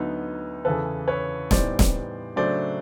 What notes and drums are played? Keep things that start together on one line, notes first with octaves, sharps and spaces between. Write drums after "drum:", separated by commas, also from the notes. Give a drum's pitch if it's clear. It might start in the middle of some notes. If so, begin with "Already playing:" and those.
Already playing: D2 D3 F#3 B3 D#4
E2 C#3 E3 A4 B4
B4 C#5
A2 E3 G3 B3 D#4 C5 D5, drum: snare
drum: snare
C#3 F#3 A3 D4 C5 D5